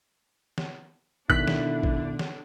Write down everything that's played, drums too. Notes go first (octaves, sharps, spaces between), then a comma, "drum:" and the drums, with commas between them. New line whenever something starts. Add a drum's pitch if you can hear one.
drum: snare
B2 D3 D#3 D4 E4 F#6 B6, drum: kick
drum: snare
drum: kick
drum: snare